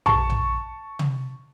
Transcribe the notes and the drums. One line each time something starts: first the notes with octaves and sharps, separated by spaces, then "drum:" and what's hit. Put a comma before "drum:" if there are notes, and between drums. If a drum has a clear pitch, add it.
A5 C#6, drum: tom A#1
drum: tom A#1
drum: tom